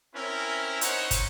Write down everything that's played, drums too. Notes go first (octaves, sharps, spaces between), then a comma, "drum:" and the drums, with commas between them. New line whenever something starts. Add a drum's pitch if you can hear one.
C4 C#4 E4 A#4
D#4 C5 C#5 F#5, drum: hi-hat
drum: kick, hi-hat